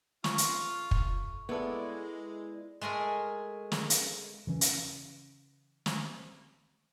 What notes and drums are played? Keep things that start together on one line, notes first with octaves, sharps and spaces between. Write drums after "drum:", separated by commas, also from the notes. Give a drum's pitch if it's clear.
A3 F4 C#6, drum: snare
drum: hi-hat
drum: kick
G#3 B3 E4 A4 D5 E5
G#3 A3 G#4 A#4
drum: snare
drum: hi-hat
C#3 E3 C#4
drum: hi-hat
drum: snare